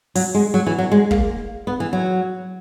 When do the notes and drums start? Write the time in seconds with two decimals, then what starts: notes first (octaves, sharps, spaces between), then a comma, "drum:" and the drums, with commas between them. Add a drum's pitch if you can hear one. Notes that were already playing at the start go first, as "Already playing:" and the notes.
0.15 F#3, drum: open hi-hat
0.35 G#3
0.54 F#3
0.66 E3
0.78 F#3
0.92 G#3
1.11 A#3, drum: kick
1.67 B3
1.80 E3
1.93 F#3